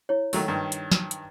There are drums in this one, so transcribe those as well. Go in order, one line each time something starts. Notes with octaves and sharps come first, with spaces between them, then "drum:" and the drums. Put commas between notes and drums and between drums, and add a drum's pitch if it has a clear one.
E4 C#5
D#3 F#3 A3, drum: open hi-hat
G2 D#3
drum: hi-hat
drum: snare
drum: hi-hat